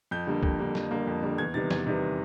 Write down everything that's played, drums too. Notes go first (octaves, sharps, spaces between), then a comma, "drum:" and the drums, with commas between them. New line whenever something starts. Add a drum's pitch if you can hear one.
F2 G6
D3 G3 A#3
F2, drum: kick
D3 G3 A#3
F2, drum: snare
D3 G3 A#3
F2
D3 G3 A#3
E2 G#6
C3 D#3 G3 B3 A6
E2 G#6, drum: snare
C3 D#3 G3 B3